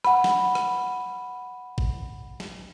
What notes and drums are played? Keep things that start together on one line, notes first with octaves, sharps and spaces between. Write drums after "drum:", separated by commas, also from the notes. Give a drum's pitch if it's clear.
F#5 B5, drum: rim click
drum: snare
drum: rim click
drum: kick A1
drum: snare